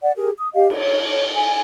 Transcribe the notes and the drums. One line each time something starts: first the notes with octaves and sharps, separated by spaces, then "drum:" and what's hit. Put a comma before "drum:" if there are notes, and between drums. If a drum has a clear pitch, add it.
D5 F#5
G4 G#4 A#4
D#6
G4 D#5 F5
C#5, drum: cymbal
G#5